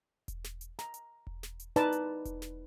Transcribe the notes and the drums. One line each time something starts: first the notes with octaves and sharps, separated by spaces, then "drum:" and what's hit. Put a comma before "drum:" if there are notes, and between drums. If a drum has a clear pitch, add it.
drum: kick E1, hi-hat
drum: snare
drum: hi-hat
A#5, drum: snare
drum: hi-hat
drum: kick E1
drum: snare
drum: hi-hat
D#4 B4 D5 A5 A#5 D6, drum: snare
drum: hi-hat
drum: kick E1, hi-hat
drum: snare